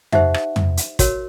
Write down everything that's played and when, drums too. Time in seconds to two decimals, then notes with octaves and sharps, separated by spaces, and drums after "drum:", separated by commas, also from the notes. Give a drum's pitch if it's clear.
0.12 D#4 G4 C5 E5 F#5, drum: tom
0.34 drum: rim click
0.56 drum: tom
0.77 drum: hi-hat
0.99 F#4 A#4 C#5, drum: kick, hi-hat